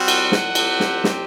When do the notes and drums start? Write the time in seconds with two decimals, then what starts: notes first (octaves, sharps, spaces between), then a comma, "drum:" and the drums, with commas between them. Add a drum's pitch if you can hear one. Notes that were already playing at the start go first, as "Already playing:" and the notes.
Already playing: G3 C4 F#4
0.08 F#5, drum: cymbal
0.32 drum: snare
0.55 C4 G4, drum: cymbal
0.80 drum: snare
1.04 drum: snare